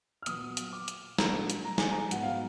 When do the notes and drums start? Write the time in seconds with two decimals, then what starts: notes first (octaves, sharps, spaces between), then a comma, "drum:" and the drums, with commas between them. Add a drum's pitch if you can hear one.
0.22 F6
0.26 A#2 F#3 B3 D#6, drum: hi-hat
0.57 drum: hi-hat
0.73 D6
0.88 drum: hi-hat
1.18 A#2 F#3 A#3 D4 A#5, drum: snare
1.50 drum: hi-hat
1.65 A#5
1.78 G#5, drum: snare
1.91 A#5
2.11 G#2 F#3 B3 D#4 F#5, drum: hi-hat
2.23 F5